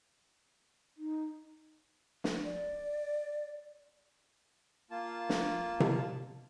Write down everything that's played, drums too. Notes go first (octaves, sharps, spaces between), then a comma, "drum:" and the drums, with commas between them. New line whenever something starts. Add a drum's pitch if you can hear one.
D#4
drum: snare
D5
A#3 F4 A5
drum: snare
drum: tom C3